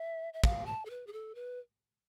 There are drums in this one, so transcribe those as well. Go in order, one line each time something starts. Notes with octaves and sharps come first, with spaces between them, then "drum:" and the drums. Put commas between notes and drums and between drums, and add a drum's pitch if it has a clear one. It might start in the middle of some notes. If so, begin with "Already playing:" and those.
Already playing: E5
E5
F5, drum: kick
A5
A4
B4
G#4
A4
B4